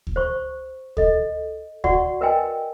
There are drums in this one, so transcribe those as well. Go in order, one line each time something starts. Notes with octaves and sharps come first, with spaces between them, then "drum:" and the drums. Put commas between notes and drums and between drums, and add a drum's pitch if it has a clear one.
drum: kick D2
C5 C#6
A4 D#5, drum: kick D2
F#4 D5 F#5 C#6, drum: kick D2
A#4 B4 D#5 G5 G#5